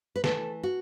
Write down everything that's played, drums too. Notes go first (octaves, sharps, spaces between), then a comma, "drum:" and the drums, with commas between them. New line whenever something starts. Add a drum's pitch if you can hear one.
B4
E3 A3 A4, drum: snare
F#4